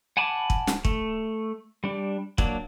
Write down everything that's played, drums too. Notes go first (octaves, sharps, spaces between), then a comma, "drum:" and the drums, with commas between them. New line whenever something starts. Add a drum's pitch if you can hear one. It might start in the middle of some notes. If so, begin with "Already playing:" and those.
F#5 G#5 A5 B5 D6
drum: kick
drum: snare
A3, drum: kick
G3 D4
F#3 A#3 D4, drum: kick